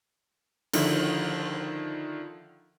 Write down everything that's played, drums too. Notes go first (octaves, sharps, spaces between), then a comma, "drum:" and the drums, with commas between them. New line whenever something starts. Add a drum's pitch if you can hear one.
D3 D#3 F3 E4, drum: cymbal